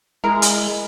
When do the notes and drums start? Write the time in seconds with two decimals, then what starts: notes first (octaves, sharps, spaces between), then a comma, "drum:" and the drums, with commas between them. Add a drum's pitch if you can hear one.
0.24 G#3 E4 A#4
0.42 drum: hi-hat